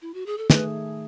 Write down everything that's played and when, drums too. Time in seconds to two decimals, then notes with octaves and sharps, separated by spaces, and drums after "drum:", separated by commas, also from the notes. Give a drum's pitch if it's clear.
0.02 E4
0.14 F#4
0.26 G#4
0.38 A4
0.50 D#3 A3 D#4 G#4 B4, drum: snare